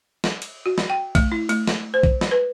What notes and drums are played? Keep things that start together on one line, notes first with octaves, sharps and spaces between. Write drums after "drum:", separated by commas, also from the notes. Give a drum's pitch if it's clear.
drum: snare
drum: cymbal
F#4
drum: snare
G5
A3, drum: kick A#1, cymbal
E4
A3, drum: cymbal
drum: snare
C5
drum: kick A#1
drum: snare
B4